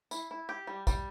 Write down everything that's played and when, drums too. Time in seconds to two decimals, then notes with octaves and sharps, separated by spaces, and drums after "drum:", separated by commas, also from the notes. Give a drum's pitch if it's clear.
0.11 E4, drum: tambourine
0.31 E4
0.49 G4
0.67 G3
0.87 G3, drum: kick, tambourine